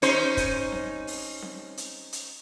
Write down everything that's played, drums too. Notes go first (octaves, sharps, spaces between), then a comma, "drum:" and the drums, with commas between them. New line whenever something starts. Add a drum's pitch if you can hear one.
C#4 D#4 C5, drum: hi-hat
drum: kick, hi-hat
drum: snare C4
drum: open hi-hat
drum: snare C4
drum: hi-hat
drum: hi-hat